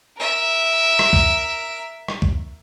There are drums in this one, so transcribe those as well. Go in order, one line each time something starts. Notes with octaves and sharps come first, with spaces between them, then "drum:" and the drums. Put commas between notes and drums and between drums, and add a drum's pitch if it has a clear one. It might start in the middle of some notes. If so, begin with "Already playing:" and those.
A#4 E5
drum: rim click
drum: kick
drum: rim click
drum: kick